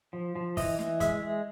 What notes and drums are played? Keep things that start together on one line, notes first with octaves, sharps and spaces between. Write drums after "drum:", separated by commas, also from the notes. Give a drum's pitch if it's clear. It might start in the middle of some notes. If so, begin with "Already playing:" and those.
F3
F3
E3 D#5, drum: kick, open hi-hat
E3, drum: snare
G#3 E5, drum: kick, hi-hat
G#3